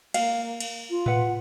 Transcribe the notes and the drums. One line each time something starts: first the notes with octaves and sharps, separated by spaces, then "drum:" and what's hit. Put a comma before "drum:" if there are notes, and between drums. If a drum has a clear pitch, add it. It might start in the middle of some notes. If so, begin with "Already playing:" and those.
A#3 F5, drum: cymbal
drum: cymbal
F4
B4 F#5, drum: tom A2